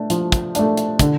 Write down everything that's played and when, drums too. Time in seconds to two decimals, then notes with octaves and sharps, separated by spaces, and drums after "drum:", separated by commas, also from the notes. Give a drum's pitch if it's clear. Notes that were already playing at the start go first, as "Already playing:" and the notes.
Already playing: A3 D4
0.10 F3, drum: hi-hat
0.32 drum: kick, hi-hat
0.55 A3 D4, drum: hi-hat
0.77 drum: hi-hat
0.99 D3, drum: kick, hi-hat